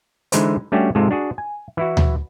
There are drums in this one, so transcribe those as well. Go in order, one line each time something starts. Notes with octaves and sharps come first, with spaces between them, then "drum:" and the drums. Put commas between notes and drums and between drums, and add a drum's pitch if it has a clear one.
D3 E3 G#3 D#4 B4 C5, drum: hi-hat
G3 A3 C#4 D4 F#4 G4
G#2 C3 G#3 F4 A4
D4 F#4 G#4
G#5
E3 E4 F#4
drum: tom D2